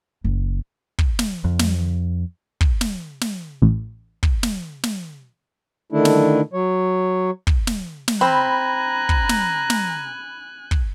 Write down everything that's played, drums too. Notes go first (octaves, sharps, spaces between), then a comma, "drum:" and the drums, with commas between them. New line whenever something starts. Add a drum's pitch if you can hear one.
F#1
drum: kick
drum: snare
F2
drum: snare
drum: kick
drum: snare
drum: snare
A1
drum: kick
drum: snare
drum: snare
D3 D#3 A3 D4 E4
drum: snare
F#3 C#5
drum: kick
drum: snare
drum: snare
C4 G#5 A#5 B5 F#6
drum: kick
drum: snare
drum: snare
drum: kick